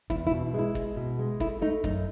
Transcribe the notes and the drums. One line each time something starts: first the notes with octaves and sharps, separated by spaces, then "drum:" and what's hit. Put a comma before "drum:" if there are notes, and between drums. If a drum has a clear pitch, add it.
E2 E4, drum: kick
E4
B2
G#3 E4
G#3, drum: kick
B2
G#3
A3 E4, drum: kick
A3 D#4
F#2 D#4, drum: kick